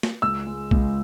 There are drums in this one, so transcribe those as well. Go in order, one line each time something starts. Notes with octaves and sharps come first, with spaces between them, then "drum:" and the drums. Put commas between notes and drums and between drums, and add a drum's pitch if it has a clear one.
drum: snare
C#2 E6
G#3
C#2, drum: kick B1